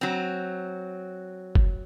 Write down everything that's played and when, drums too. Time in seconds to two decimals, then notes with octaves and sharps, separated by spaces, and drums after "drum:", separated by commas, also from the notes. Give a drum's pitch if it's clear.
0.01 F#3 C4
1.55 drum: kick F#1